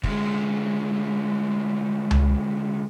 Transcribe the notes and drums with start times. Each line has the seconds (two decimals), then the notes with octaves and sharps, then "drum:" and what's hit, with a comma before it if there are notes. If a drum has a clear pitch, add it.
0.04 D2 G#3, drum: kick
2.11 drum: tom C#2